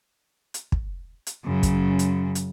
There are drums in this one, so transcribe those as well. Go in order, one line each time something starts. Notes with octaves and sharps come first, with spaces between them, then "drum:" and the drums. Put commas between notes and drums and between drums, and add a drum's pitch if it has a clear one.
drum: hi-hat
drum: kick
drum: hi-hat
F#2 C#3
drum: kick, hi-hat
drum: hi-hat
drum: hi-hat